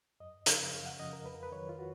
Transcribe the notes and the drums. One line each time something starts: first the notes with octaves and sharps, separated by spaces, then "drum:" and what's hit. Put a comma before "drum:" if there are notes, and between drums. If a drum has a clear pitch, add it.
F#2 D#5
C#3 F3 F5, drum: hi-hat
F#2 F5
F#5
C#3 F3 D#5
A#4
F2 B4
A#4
B4
D#3 F#3 C#5
F4
F#4